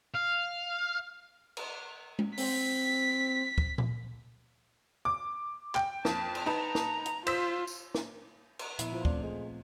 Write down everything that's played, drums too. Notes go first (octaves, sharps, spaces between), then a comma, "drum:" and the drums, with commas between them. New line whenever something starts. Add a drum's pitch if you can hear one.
F5
drum: cymbal
drum: tom G#3
C4 B6, drum: open hi-hat
drum: kick
drum: tom A#2
D6
G5, drum: clap
F2 A5, drum: snare
drum: cymbal
D#4 B4 A5 A#5
drum: snare
drum: hi-hat
F4 C5 E6 B6, drum: cymbal
drum: tambourine
drum: snare
drum: cymbal
A#2 F3 B3 E4, drum: hi-hat
F4 C5
A3 C4 D4, drum: kick
G#3